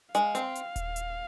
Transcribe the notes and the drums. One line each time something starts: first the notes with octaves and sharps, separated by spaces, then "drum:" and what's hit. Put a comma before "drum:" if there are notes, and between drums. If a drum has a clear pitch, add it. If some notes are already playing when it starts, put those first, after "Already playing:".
G#3 F5, drum: hi-hat
C4, drum: hi-hat
drum: hi-hat
drum: kick D#1, hi-hat
drum: hi-hat